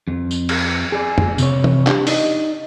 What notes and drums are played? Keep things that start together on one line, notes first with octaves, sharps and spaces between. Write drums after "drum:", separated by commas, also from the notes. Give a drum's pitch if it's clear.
F2
drum: tambourine
drum: cymbal
G#4 D5
drum: tom F2
C3 C#5, drum: tambourine
drum: tom
D4 G4, drum: clap
D#4 D5 D#5, drum: open hi-hat